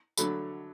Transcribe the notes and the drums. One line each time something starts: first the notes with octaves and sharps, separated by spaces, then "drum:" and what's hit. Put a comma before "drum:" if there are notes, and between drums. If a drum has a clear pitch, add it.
D3 F#3 A3 B5, drum: tambourine